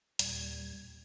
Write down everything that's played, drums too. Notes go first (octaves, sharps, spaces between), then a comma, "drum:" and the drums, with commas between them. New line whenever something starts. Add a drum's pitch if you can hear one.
D#2 A#2 G3 G#6, drum: hi-hat